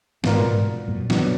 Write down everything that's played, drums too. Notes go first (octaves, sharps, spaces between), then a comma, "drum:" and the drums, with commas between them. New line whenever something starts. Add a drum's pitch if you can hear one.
G#2 B2 B3 F4 A#4 D5, drum: snare
G#2 B2
F#2 A#2
B2 F#3 D4, drum: snare